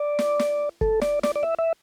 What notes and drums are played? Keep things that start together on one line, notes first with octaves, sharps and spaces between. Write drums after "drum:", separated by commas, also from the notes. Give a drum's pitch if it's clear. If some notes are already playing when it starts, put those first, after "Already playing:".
Already playing: D5
drum: snare
drum: snare
A4, drum: kick
D5, drum: snare
D5, drum: snare
D5
E5
E5